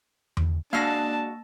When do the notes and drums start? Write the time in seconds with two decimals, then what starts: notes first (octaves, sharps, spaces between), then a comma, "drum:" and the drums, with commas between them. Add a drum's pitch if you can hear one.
0.37 drum: tom E2
0.73 G#3 A#3 D4 F#4 F5 A5 E6 A#6